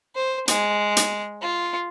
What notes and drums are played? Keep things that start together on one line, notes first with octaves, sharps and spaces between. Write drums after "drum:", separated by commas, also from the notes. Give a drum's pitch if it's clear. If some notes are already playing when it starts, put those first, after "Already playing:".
C5
G#3, drum: hi-hat
drum: hi-hat
F4